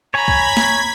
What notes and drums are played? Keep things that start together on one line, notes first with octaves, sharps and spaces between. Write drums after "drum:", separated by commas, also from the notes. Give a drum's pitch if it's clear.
C#5 G#5 A#5 B5 G#6 B6
drum: kick
drum: snare